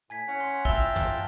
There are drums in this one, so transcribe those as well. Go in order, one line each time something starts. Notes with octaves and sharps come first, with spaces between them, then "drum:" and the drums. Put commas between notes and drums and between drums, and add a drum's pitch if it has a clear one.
A2 G#5 G#6 B6
C#4 C#5 F#5
C6 F#6
F4 E5 G5 A5 A#6 F7 G7, drum: kick
drum: tom